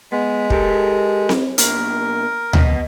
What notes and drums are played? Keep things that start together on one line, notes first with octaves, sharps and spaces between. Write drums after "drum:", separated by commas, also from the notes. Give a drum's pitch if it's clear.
G#3 B3
G4 A4 A#4, drum: kick
drum: snare C4
B2 A#3 D4 A#4, drum: hi-hat
B3 D#5, drum: tom D2